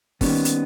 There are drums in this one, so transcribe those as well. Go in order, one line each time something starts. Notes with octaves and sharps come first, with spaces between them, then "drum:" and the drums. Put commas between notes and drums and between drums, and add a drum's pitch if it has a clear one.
D#3 G3 A#3 B3 C#4, drum: kick, open hi-hat
drum: hi-hat